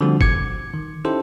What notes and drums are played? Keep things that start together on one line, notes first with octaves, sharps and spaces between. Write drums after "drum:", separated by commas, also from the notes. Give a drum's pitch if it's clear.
D3 F3 G3 A3 C4 F#4
D6 G#6 C#7, drum: kick
D#3
C#4 D#4 E4 G4 A4 C5